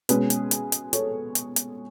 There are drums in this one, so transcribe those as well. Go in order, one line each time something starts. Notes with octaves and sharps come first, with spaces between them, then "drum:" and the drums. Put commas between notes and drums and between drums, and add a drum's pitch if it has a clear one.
B2 G#3 C#4 G#4 B4, drum: hi-hat
drum: hi-hat
drum: hi-hat
drum: hi-hat
A4 C#5, drum: hi-hat
drum: hi-hat
drum: hi-hat